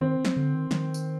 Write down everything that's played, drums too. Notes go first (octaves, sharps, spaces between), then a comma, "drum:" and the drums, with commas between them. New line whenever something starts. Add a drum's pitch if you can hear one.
D#3 C4
drum: snare
D3
D#3
D#3, drum: snare
drum: tambourine